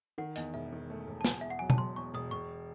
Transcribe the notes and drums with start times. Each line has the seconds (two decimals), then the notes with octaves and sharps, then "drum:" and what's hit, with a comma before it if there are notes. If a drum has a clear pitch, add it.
0.18 D#3 F#5
0.36 E2 D#5, drum: hi-hat
0.54 E1 E5
0.72 D#3
0.90 A3
1.08 E1
1.21 A5
1.24 E2 G#5, drum: snare
1.41 E2 E5
1.50 F#5
1.59 F#3 G#5
1.70 A5, drum: tom B2
1.78 E1 C6
1.96 E2 C#6
2.14 E1 D#6
2.31 E1 C#6